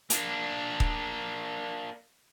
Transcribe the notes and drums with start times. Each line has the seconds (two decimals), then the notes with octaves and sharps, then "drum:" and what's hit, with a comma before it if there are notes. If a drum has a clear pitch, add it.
0.10 A#3 D4, drum: hi-hat
0.80 drum: kick D#1